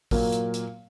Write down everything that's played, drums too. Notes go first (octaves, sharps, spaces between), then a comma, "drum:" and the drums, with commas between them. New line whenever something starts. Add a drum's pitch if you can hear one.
A#2 F#3 A#3, drum: kick A1, open hi-hat
drum: hi-hat
drum: hi-hat